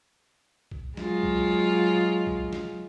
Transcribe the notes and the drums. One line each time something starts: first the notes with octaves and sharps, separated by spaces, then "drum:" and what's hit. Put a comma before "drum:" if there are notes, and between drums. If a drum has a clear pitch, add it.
drum: kick B1
F#3 G#3 F4, drum: snare
drum: kick B1
drum: kick B1
drum: snare